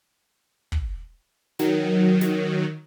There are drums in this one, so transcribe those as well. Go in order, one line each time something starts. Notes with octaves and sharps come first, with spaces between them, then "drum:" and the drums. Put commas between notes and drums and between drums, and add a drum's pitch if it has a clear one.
drum: kick
D#3 F#3, drum: snare
drum: snare